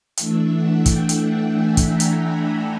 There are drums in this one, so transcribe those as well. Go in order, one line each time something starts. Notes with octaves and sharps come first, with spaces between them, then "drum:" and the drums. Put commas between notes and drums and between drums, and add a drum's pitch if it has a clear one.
E3 A3 D4 E5, drum: hi-hat
F#5
G5, drum: kick, hi-hat
drum: hi-hat
G#5
drum: kick, hi-hat
A#5
drum: hi-hat
B5